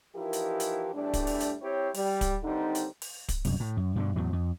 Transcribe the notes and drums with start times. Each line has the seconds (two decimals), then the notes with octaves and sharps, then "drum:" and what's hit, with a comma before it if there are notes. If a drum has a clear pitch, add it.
0.15 E3 F3 D#4 E4 G4 A#4
0.33 drum: hi-hat
0.60 drum: hi-hat
0.94 E2 A2 G3 A3 D4
1.13 drum: kick, hi-hat
1.27 drum: open hi-hat
1.40 drum: hi-hat
1.61 C4 E4 G4 C#5
1.94 G3, drum: open hi-hat
2.21 drum: kick, hi-hat
2.43 D#2 D3 G3 C4 D#4
2.75 drum: hi-hat
3.02 drum: open hi-hat
3.29 drum: kick, hi-hat
3.45 C2 F#2, drum: open hi-hat
3.60 A2
3.77 F#2
3.96 G2 B2 D3
4.16 E2 A2 F#3
4.33 F2